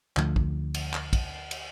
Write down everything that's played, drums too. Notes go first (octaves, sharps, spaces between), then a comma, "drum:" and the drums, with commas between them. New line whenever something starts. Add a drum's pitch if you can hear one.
D2 D3 F3 A3, drum: clap
drum: kick
drum: cymbal
drum: clap
drum: kick, cymbal
drum: cymbal